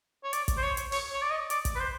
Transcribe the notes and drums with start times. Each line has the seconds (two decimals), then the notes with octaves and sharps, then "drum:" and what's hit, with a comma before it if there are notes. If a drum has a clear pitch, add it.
0.23 C#5
0.33 D5, drum: hi-hat
0.48 drum: kick, hi-hat
0.57 C5
0.63 C#5
0.77 drum: hi-hat
0.92 C#5, drum: open hi-hat
1.12 C#5
1.22 D5
1.30 D#5
1.50 D5, drum: hi-hat
1.65 drum: kick, hi-hat
1.75 B4
1.79 C5